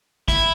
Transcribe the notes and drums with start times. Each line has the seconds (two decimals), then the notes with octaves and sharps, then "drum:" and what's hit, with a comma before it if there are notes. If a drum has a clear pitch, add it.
0.28 E4, drum: kick, hi-hat